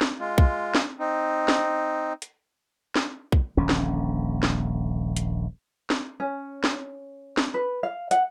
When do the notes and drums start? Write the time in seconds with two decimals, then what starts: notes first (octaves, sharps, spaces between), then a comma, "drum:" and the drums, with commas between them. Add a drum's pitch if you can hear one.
0.01 drum: snare
0.19 G#3 F4
0.38 drum: kick
0.75 drum: snare
0.99 C4 D#4
1.48 drum: snare
2.22 drum: hi-hat
2.96 drum: snare
3.32 drum: kick
3.57 D#1 A#1 D3 C#4
3.69 drum: snare
4.43 drum: snare
5.16 drum: hi-hat
5.90 drum: snare
6.20 C#4
6.64 drum: snare
7.37 drum: snare
7.54 B4
7.83 F5
8.11 F#5, drum: hi-hat